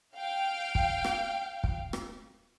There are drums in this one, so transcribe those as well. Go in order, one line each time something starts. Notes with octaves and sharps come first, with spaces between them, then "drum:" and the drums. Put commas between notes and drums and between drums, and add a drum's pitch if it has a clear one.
F5 G5
drum: kick
drum: rim click
drum: kick
drum: rim click